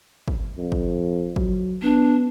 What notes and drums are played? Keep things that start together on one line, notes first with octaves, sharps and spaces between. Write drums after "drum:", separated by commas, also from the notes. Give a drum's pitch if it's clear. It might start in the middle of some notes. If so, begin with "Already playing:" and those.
drum: kick
F2
drum: kick
F#3, drum: kick
B3 D4